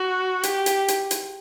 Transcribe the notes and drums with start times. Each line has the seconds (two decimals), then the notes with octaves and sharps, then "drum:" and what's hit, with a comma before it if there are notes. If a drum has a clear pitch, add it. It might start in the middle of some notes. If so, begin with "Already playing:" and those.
Already playing: F#4
0.43 G4, drum: hi-hat
0.66 drum: hi-hat
0.88 drum: hi-hat
1.11 drum: hi-hat